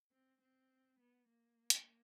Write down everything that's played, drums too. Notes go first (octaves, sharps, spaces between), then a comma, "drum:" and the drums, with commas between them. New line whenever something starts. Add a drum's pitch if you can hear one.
C4
C4
B3
A#3
drum: hi-hat